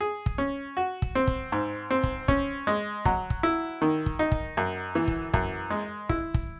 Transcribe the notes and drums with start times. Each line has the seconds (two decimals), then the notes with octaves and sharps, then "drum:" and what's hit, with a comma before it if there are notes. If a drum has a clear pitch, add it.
0.01 G#4
0.26 drum: kick
0.38 C#4
0.77 F#4
1.02 drum: kick
1.15 C4
1.27 drum: kick
1.52 G#2
1.91 C4
2.04 drum: kick
2.28 C#4, drum: kick
2.67 G#3
3.05 F#3, drum: kick
3.30 drum: kick
3.43 E4
3.82 D#3
4.06 drum: kick
4.19 D#4
4.32 drum: kick
4.57 F#2
4.95 E3
5.08 drum: kick
5.34 F#2, drum: kick
5.70 G#3
6.09 E4, drum: kick
6.34 drum: kick